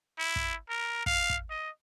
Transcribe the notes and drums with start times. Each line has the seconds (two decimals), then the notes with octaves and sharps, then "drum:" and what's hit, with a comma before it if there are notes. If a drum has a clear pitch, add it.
0.18 E4
0.36 drum: kick
0.69 A#4
1.06 F5, drum: kick
1.30 drum: kick
1.50 D#5